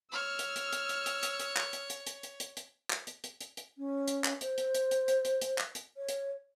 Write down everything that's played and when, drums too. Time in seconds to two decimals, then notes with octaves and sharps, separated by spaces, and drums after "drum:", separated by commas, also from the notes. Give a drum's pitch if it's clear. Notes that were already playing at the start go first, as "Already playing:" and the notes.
0.12 C#5 E6 F6
0.39 drum: hi-hat
0.56 drum: hi-hat
0.73 drum: hi-hat
0.89 drum: hi-hat
1.06 drum: hi-hat
1.23 drum: hi-hat
1.40 drum: hi-hat
1.56 drum: clap
1.73 drum: hi-hat
1.90 drum: hi-hat
2.07 drum: hi-hat
2.23 drum: hi-hat
2.40 drum: hi-hat
2.57 drum: hi-hat
2.90 drum: clap
3.07 drum: hi-hat
3.24 drum: hi-hat
3.41 drum: hi-hat
3.57 drum: hi-hat
3.78 C#4
4.08 drum: hi-hat
4.24 drum: clap
4.41 C5, drum: hi-hat
4.58 drum: hi-hat
4.75 drum: hi-hat
4.91 drum: hi-hat
5.08 drum: hi-hat
5.25 drum: hi-hat
5.42 drum: hi-hat
5.58 drum: clap
5.75 drum: hi-hat
5.97 C#5
6.09 drum: hi-hat